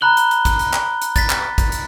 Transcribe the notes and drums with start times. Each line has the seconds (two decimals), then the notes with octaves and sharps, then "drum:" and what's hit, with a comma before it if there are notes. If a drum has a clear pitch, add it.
0.01 A#5 B5 F#6 F#7 G7
0.17 drum: hi-hat
0.31 drum: hi-hat
0.45 drum: kick, hi-hat
0.59 drum: hi-hat
0.73 drum: clap
1.02 drum: hi-hat
1.16 A6 B6, drum: kick, hi-hat
1.30 drum: clap
1.58 drum: kick, hi-hat
1.72 drum: hi-hat